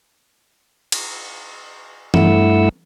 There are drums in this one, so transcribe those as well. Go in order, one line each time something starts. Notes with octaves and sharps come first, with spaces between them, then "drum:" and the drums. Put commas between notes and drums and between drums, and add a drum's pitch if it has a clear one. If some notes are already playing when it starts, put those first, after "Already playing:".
drum: cymbal
G2 A3 E4 F#5 E6, drum: tom E3